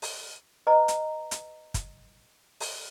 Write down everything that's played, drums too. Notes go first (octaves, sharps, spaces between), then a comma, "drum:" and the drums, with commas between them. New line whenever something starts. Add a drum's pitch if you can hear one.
drum: open hi-hat
B4 D#5 A#5
drum: hi-hat
drum: hi-hat
drum: kick, hi-hat
drum: open hi-hat